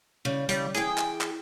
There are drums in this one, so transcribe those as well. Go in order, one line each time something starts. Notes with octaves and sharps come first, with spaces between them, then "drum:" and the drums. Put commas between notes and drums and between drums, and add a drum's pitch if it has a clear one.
C#3 G3
C#3 G3, drum: hi-hat
E3 G#4 G5, drum: hi-hat
drum: clap
drum: clap